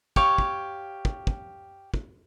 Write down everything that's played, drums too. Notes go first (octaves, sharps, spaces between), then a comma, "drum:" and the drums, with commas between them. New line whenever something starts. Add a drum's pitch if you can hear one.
G4 C#5 F5 C#6, drum: kick
drum: kick
drum: kick
drum: kick
drum: kick